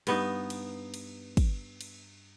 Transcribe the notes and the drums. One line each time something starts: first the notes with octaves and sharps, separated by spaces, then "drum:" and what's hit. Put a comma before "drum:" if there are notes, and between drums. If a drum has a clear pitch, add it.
G2 B3 D#4, drum: cymbal
drum: cymbal
drum: cymbal
drum: kick, cymbal
drum: cymbal